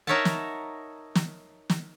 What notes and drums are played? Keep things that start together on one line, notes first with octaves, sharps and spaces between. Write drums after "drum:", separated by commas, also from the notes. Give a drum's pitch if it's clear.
D#4 A#4 C#5 E5 F#5 A5
drum: snare
drum: snare
drum: snare